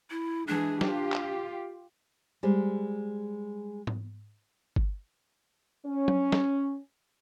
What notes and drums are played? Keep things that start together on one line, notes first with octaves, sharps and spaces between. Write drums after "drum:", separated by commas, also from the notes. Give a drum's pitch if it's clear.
E4
E3 G#3 D4 G#4
F4 G4, drum: snare
drum: clap
G3 G#3 C5
drum: tom G#2
drum: kick G1
C#4
drum: tom F#3
drum: snare